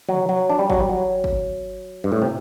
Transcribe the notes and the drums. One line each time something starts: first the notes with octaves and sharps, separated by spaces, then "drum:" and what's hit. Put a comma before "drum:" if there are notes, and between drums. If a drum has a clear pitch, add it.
F#3, drum: tom
F#3
D4
G3
F#3, drum: kick
G3
F#3
drum: kick
G2
A2
C3